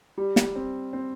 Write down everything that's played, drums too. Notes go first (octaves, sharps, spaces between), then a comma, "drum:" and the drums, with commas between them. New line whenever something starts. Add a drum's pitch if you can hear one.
G3
drum: snare
C4
C4